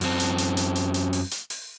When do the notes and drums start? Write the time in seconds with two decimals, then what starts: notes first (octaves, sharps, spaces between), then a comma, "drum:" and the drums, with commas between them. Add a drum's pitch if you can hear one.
0.01 F#2 C4, drum: open hi-hat
0.20 drum: hi-hat
0.38 drum: hi-hat
0.57 drum: hi-hat
0.76 drum: hi-hat
0.94 drum: hi-hat
1.13 drum: open hi-hat
1.31 drum: hi-hat
1.50 drum: open hi-hat